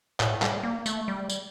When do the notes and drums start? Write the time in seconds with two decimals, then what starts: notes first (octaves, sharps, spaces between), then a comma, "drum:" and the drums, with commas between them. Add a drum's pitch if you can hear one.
0.20 A2, drum: clap
0.42 G3, drum: clap
0.63 A#3
0.86 A3, drum: tambourine
1.08 G3
1.30 drum: tambourine